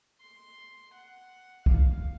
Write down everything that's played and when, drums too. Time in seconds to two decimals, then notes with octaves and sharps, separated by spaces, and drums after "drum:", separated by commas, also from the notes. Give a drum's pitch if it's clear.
0.21 C6
0.94 F#5
1.66 F5, drum: kick